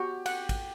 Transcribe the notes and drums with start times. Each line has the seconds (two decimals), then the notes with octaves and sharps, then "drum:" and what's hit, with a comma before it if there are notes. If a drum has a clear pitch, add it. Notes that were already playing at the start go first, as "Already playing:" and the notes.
Already playing: F#4 G4
0.26 F#5, drum: cymbal
0.49 drum: kick, cymbal